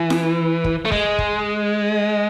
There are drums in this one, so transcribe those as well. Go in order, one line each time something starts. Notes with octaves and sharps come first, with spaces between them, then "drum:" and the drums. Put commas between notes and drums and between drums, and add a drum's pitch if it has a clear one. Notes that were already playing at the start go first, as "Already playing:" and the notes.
Already playing: E3
drum: snare F4
drum: kick
A3
G#3, drum: kick
drum: kick